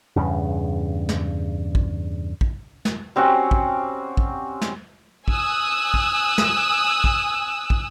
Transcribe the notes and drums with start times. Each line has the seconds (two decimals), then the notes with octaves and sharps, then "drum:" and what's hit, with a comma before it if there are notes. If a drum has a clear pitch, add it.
0.16 E2 G2 C#3
1.09 drum: snare
1.75 drum: kick
2.41 drum: kick
2.85 drum: snare
3.16 G3 C4 C#4 F#4
3.51 drum: kick
4.17 drum: kick
4.62 drum: snare
5.28 G#5 D#6 E6 F#6, drum: kick
5.94 drum: kick
6.38 drum: snare
7.04 drum: kick
7.70 drum: kick